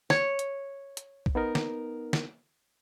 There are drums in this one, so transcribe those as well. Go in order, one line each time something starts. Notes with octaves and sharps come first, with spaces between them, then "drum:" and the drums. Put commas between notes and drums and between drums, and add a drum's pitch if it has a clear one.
C#5, drum: snare
drum: hi-hat
drum: hi-hat
drum: kick
B3 D#4 A#4
drum: snare
drum: snare